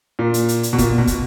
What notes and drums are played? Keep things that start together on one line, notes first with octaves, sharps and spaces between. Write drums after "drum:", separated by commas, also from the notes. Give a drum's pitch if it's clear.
A#2
drum: hi-hat
drum: hi-hat
drum: hi-hat
B2
A#2, drum: kick, hi-hat
B2
drum: kick, hi-hat